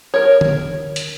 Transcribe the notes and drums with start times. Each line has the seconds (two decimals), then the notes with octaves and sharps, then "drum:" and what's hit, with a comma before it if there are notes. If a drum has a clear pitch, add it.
0.14 A#4 C#5
0.41 drum: tom
0.96 drum: hi-hat